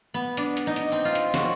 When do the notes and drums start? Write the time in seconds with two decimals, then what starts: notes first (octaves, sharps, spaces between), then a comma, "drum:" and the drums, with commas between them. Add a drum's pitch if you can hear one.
0.14 B3
0.37 D4, drum: hi-hat
0.57 drum: hi-hat
0.67 D#4
0.76 drum: hi-hat
0.92 C4
1.05 F4
1.15 drum: hi-hat
1.34 F#4, drum: snare